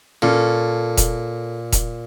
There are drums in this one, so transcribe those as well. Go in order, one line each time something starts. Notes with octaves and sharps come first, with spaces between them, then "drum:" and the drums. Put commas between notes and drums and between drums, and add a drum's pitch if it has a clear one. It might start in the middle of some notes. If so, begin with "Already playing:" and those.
A#2 C#4 A4
drum: kick E1, hi-hat
drum: kick E1, hi-hat